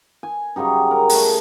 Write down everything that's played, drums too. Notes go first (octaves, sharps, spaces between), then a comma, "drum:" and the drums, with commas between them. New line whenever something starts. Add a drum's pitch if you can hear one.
G#5
C#3 F#3 G3 D#4
A#4
A3 G4 F#5, drum: open hi-hat